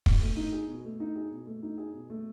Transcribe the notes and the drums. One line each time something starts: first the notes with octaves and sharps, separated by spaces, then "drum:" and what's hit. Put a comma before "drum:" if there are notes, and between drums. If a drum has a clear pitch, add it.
B2, drum: kick
A3
D#4
G#4
B2
A3
D#4
G#4
B2
A3
D#4
G#4
B2
A3